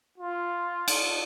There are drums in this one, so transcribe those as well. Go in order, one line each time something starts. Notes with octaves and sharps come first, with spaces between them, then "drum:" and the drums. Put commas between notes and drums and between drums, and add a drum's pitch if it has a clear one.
F4
drum: cymbal